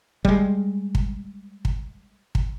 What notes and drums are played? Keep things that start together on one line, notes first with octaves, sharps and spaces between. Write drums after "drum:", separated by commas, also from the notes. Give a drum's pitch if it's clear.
G3 G#3, drum: kick
drum: kick
drum: kick
drum: kick